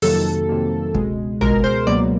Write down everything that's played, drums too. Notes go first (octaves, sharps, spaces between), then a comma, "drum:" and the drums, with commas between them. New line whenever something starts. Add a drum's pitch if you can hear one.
F2 C3 D#3 F#3 A#3 A4, drum: open hi-hat
F2 C3 D#3 F#3 A#3
C#2 B2 G#3, drum: kick
C#2 B2 G#3 A#4, drum: tom
C5
C#2 B2 F#3 A#3 D5